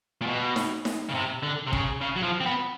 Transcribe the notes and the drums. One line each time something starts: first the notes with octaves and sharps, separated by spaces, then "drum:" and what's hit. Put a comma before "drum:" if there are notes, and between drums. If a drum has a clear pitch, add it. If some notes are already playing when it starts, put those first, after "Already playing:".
A#2
B2
drum: snare D#4
drum: snare D#4
C#3
C3
D3
C3
C#3, drum: kick
C#3
F#3
F3
C4
B3